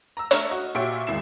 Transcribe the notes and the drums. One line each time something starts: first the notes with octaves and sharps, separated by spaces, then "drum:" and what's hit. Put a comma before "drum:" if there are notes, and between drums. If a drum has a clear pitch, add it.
A#5 E6
A3 D4 C#5 E5 A#5 F6, drum: hi-hat
F#4 D#5
A#2 F#4 G4 C#5 E5 D7
G#1 E2 E4 C7 E7